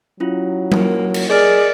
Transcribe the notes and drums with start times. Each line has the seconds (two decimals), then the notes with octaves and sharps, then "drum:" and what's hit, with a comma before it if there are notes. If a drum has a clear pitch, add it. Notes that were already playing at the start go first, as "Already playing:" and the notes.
0.20 F#3 C#4 E4 F4
0.72 A#3, drum: tom F#3
1.14 drum: cymbal
1.29 G#4 A#4 D5 D#5 F6